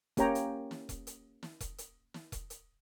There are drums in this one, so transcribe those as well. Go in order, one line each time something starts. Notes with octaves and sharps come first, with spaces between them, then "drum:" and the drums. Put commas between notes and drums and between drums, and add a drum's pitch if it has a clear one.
A#3 C#4 G4 C#5 G5 A#5, drum: kick E1, hi-hat
drum: hi-hat
drum: snare
drum: kick E1, hi-hat
drum: hi-hat
drum: snare
drum: kick E1, hi-hat
drum: hi-hat
drum: snare
drum: kick E1, hi-hat
drum: hi-hat